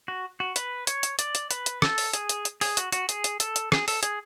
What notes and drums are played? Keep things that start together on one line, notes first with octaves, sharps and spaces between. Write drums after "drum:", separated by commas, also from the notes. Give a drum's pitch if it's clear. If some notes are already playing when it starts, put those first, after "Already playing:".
F#4
F#4
B4, drum: hi-hat
C#5, drum: hi-hat
drum: hi-hat
D5, drum: hi-hat
drum: hi-hat
B4, drum: hi-hat
drum: hi-hat
A4, drum: rim click
drum: open hi-hat
G#4, drum: hi-hat
drum: hi-hat
drum: hi-hat
G#4, drum: open hi-hat
F#4, drum: hi-hat
F#4, drum: hi-hat
G#4, drum: hi-hat
drum: hi-hat
A4, drum: hi-hat
drum: hi-hat
G#4, drum: rim click
A4, drum: open hi-hat
G#4, drum: hi-hat